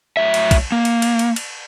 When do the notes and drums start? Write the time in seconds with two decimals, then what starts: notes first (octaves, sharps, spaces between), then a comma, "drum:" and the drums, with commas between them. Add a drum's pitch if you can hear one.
0.17 A2 F#3 E5
0.34 drum: cymbal
0.51 drum: kick B1, cymbal
0.72 A#3
0.85 drum: cymbal
1.02 drum: cymbal
1.19 drum: cymbal
1.36 drum: cymbal